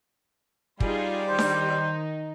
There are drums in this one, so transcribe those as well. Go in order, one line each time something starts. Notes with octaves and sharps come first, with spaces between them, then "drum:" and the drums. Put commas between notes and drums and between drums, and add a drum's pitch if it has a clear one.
G3 D#4 F4 G#4, drum: kick
D#3 D#4 C5
drum: snare D4